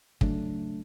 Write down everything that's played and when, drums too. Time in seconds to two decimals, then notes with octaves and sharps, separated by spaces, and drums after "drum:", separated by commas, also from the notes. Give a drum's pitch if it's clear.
0.21 C#3 F#3 A3 D4, drum: kick